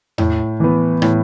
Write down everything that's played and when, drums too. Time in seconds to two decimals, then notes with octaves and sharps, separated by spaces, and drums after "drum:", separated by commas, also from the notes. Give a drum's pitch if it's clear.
0.18 A2, drum: tom E2
0.60 E3 B3
1.02 A2, drum: rim click